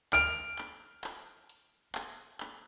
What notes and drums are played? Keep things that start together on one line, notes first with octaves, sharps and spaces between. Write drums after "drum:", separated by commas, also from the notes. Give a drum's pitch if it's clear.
F6 D7, drum: clap
drum: clap
drum: clap
drum: hi-hat
drum: clap
drum: clap